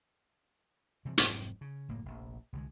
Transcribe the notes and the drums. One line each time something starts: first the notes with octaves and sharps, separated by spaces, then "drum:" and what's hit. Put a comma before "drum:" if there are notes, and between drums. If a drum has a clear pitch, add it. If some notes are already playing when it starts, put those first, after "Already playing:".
C3 E3 F3 G3
F1 G#2 F#3 C4, drum: hi-hat
C#3
F#1 A2 A#3
F1 A#1
C2 D3 G#3